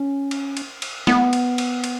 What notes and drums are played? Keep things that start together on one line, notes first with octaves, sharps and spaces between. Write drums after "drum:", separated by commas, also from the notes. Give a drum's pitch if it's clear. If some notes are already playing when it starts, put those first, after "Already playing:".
Already playing: C#4
drum: cymbal
drum: cymbal
drum: cymbal
B3, drum: snare
drum: cymbal
drum: cymbal
drum: cymbal